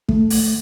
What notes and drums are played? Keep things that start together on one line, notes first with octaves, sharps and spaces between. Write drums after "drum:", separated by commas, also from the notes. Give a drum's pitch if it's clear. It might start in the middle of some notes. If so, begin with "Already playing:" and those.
A3, drum: kick
drum: open hi-hat